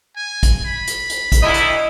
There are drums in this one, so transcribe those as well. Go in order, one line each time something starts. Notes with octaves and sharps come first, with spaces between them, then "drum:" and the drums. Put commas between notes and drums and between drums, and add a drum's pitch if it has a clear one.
G#5
drum: kick A#1, hi-hat
B5
drum: hi-hat
drum: hi-hat
drum: kick A#1, hi-hat
D2 E4 D#5
drum: hi-hat